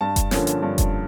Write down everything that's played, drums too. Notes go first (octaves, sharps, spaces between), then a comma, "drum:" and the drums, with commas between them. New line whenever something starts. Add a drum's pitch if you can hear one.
G2 A5
drum: kick F1, hi-hat
D3 F3 A#3 C#4, drum: snare
drum: hi-hat
G2
drum: kick F1, hi-hat